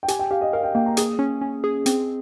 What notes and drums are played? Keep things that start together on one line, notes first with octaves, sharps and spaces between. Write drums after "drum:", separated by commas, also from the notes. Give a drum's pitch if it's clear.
G5
G4 G#5, drum: hi-hat
G5
G4 F5
D#5
A#4 F5
G5
A#3 G5
A#5
G#4 D#6, drum: hi-hat
C#4
C#4
G#4
C4, drum: hi-hat